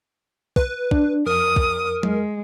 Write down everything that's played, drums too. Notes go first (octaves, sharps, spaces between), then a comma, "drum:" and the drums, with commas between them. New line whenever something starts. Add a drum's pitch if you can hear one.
B4, drum: kick
D4, drum: kick
F2 A#4 D#6
drum: kick
G#3, drum: tom F#3